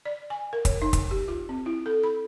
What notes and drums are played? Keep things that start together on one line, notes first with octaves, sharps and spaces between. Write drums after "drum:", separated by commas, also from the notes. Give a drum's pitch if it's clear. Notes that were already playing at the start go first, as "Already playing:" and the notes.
D5
G#5
A#4
C#5, drum: kick, hi-hat
D#4
drum: kick, hi-hat
G4
F4
C4
E4
A4
B5